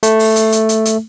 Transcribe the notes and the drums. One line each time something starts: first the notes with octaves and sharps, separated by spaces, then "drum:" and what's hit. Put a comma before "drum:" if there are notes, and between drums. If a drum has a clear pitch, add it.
A3, drum: hi-hat
drum: open hi-hat
drum: hi-hat
drum: hi-hat
drum: hi-hat
drum: hi-hat